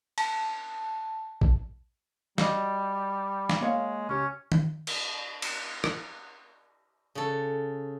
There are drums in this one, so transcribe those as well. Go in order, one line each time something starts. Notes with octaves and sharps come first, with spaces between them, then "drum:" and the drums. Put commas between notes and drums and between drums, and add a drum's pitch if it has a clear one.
A5, drum: cymbal
drum: kick
G3 F#4 D#5, drum: snare
drum: snare
G#3 A#3 C#5 F5
C#2 C#4 G4
drum: tom D#3
drum: cymbal
drum: cymbal
drum: rim click
C#3 A4